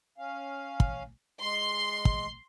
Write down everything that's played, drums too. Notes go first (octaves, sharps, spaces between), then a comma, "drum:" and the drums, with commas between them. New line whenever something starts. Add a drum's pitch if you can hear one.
C#4 F5
drum: kick
G#3 C6
drum: kick